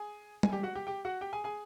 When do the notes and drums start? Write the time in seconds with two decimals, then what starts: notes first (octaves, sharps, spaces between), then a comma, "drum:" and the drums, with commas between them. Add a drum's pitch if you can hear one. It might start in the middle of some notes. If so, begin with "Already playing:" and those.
Already playing: G#4 G#5
0.43 G#5, drum: tom G3
0.52 G4 G5
0.63 F#4 F#5
0.75 G4 G5
0.87 G4 G5
1.05 F#4 F#5
1.21 G4 G5
1.33 G#4 G#5
1.44 G#4 G#5